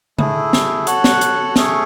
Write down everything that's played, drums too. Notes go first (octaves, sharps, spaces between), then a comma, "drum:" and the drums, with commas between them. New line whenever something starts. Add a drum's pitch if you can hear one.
A3 E4 G#4, drum: tom C#3
drum: snare
F#4 A4 C#5 F#5, drum: hi-hat
drum: snare
drum: hi-hat
A3 C#4 G#4 C#5, drum: snare